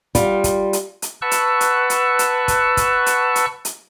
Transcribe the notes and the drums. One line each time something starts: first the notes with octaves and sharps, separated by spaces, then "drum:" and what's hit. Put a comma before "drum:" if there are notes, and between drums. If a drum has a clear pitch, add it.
G3 F4, drum: kick, hi-hat
drum: kick, hi-hat
drum: hi-hat
drum: hi-hat
B4 F#5 A5 C#6 E6 F#6
drum: hi-hat
drum: hi-hat
drum: hi-hat
drum: hi-hat
drum: kick, hi-hat
drum: kick, hi-hat
drum: hi-hat
drum: hi-hat
drum: hi-hat